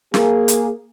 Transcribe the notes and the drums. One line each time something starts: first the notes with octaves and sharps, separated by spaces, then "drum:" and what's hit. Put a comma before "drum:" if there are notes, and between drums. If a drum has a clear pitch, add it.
A#3 G#4, drum: snare
drum: hi-hat